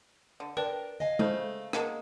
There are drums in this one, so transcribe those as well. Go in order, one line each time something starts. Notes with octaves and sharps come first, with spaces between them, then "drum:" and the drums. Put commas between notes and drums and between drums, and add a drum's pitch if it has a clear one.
D3
D4 A#4 B4 D5 G5
D#5 F5 G#5
C#3 A3 A4 C5 G6, drum: tom G#3
G#3 A#3 F5 F#5 A5, drum: rim click